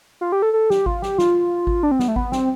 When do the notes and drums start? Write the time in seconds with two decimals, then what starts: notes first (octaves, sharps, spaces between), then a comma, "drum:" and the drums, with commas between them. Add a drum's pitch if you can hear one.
0.21 F4
0.32 G4
0.42 A4
0.53 A4
0.70 G4, drum: snare
0.86 F4, drum: kick G#1
1.02 G4, drum: snare
1.18 F4, drum: snare
1.67 drum: kick G#1
1.83 D4
1.91 C4
1.99 B3, drum: snare
2.08 A3
2.16 B3, drum: kick G#1
2.32 C4, drum: snare